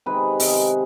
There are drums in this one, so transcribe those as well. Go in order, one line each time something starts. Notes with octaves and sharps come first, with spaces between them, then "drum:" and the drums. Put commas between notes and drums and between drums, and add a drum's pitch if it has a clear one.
C3 D#3 G#3 B4
C3 D#3 G#3, drum: open hi-hat